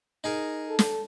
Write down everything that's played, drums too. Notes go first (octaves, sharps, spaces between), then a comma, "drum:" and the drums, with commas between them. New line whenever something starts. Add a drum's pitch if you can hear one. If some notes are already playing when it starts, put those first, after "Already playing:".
D#4 G#4 A#4
A4
drum: snare